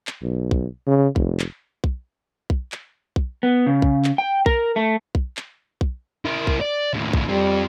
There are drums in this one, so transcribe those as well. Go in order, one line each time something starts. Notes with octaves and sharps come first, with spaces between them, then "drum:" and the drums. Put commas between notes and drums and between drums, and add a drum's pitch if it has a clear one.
drum: clap
B1
drum: kick B1
C#3
F1, drum: kick B1
drum: clap
drum: kick B1
drum: kick B1
drum: clap
drum: kick B1
B3
C#3
drum: kick B1
drum: clap
G5
A#4, drum: kick B1
A3
drum: kick B1
drum: clap
drum: kick B1
E4 A#4
drum: kick B1
D5
D#2 A2
drum: kick B1
F2 G3 C4